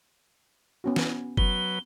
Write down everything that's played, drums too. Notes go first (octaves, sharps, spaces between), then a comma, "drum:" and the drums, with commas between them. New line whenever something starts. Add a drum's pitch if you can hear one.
B3 C#4 F#4
drum: snare
F#3 B4 G7, drum: kick F#1